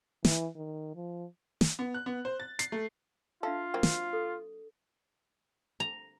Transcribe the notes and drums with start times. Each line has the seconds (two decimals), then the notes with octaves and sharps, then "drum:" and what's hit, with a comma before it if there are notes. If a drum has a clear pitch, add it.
0.25 E3, drum: snare
0.56 D#3
0.95 F3
1.61 drum: snare
1.79 B3
1.94 F#6
2.06 B3
2.25 C5
2.40 A6
2.59 C7, drum: hi-hat
2.72 A3
3.43 D4 F4 A4 E5 F5
3.74 F#3 A#3 C4
3.83 drum: snare
4.13 A4
5.80 A#5